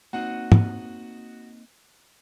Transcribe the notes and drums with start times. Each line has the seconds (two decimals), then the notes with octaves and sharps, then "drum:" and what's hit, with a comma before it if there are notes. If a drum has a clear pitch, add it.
0.13 A#3 C4 D#4 F#4 F#5
0.52 drum: tom